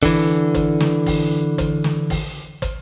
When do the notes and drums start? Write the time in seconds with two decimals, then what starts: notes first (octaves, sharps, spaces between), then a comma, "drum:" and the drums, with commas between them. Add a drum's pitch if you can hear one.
0.03 D3 E3, drum: kick, open hi-hat
0.54 drum: kick, hi-hat
0.80 drum: snare
1.06 drum: kick, open hi-hat
1.58 drum: kick, hi-hat
1.84 drum: snare
2.10 drum: kick, open hi-hat
2.62 drum: kick, hi-hat